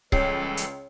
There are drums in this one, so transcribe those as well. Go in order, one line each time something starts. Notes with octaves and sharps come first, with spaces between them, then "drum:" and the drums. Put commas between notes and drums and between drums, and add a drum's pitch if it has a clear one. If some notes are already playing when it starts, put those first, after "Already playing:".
C#2 E3 G3 A4 C#5 C7, drum: kick C#1
drum: hi-hat